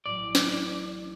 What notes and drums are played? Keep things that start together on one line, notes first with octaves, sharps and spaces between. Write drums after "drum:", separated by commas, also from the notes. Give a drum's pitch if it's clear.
A1 A2 F#3 D5
drum: snare